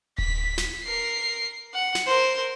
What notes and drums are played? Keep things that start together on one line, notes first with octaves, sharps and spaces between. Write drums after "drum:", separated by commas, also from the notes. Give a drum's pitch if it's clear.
B6, drum: kick D1
drum: snare
A#4 C7
F#5
drum: snare
A#4 C5